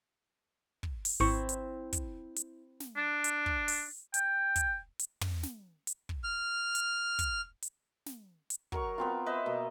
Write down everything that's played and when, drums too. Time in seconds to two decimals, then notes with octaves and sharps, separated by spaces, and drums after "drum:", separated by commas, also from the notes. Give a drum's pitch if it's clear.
0.83 drum: kick
1.05 drum: open hi-hat
1.20 G#1 C4 E4 C#6
1.49 drum: hi-hat
1.93 drum: kick, hi-hat
2.36 drum: hi-hat
2.80 drum: snare
2.97 D4
3.24 drum: hi-hat
3.46 drum: kick
3.68 drum: open hi-hat
4.14 G5, drum: hi-hat
4.56 drum: kick, hi-hat
4.99 drum: hi-hat
5.21 drum: tom
5.43 drum: snare
5.87 drum: hi-hat
6.09 drum: kick
6.24 F6
6.75 drum: hi-hat
7.19 drum: kick, hi-hat
7.62 drum: hi-hat
8.06 drum: snare
8.50 drum: hi-hat
8.72 F#3 A#4 C#6, drum: kick
8.98 B3 C4 F4
9.26 B4 C5 D#5 E5
9.46 B2 A#3